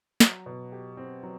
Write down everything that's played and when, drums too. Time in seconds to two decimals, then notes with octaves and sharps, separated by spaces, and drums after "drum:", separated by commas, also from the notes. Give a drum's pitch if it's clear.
0.20 F#3, drum: snare
0.46 B2
0.72 G4
0.97 C4
1.23 F#3